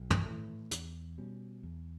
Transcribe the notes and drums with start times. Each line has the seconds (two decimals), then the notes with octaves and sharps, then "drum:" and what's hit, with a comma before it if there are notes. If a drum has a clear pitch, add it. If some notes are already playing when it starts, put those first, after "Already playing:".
Already playing: B1
0.10 drum: tom
0.26 A2 E3 A3
0.71 E2, drum: hi-hat
1.18 B2 G3 C#4
1.63 E2